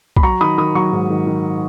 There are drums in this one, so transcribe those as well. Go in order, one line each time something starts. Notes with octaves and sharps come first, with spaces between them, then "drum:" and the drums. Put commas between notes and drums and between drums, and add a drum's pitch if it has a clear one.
B5, drum: kick
F#3 A#5 C#6
D#3 B5 D#6
D#3 B5 D#6
F#3 A#5 C#6
G#2
D#3
D#3